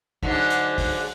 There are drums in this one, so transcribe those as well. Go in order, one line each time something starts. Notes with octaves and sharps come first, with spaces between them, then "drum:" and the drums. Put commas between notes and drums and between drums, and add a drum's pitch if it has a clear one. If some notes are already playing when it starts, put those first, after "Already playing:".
G#2 D3 F#3, drum: kick
drum: hi-hat
drum: kick, open hi-hat